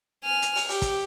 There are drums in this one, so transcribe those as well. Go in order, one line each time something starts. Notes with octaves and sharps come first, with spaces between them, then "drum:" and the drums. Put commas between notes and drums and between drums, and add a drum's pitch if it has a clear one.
G#5 F6
drum: hi-hat
drum: open hi-hat
G4, drum: open hi-hat
drum: kick, hi-hat